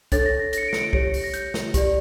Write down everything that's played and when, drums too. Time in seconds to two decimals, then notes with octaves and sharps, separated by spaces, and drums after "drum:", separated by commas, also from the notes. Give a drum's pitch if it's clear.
0.12 D4 A4 C#5 A6, drum: kick, hi-hat
0.26 A#6
0.40 A#6
0.53 A#6, drum: hi-hat
0.58 C#7
0.63 A#6
0.68 D7
0.73 C#7, drum: snare
0.83 D7
0.93 G4 C#5 C#7, drum: kick
1.03 A#6
1.14 C#7, drum: open hi-hat
1.24 A#6
1.34 G6, drum: hi-hat
1.54 drum: snare
1.74 G4 D5, drum: kick, hi-hat